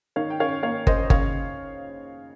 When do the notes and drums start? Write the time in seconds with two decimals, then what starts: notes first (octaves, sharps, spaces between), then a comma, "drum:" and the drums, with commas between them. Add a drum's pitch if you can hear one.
0.16 D#3 C#5 F5
0.30 G5
0.40 C#4 C#5 F5
0.63 A#3 C#5 F5
0.87 C#4 C5 D#5, drum: kick G1
1.10 C#3 C#5 F5, drum: kick G1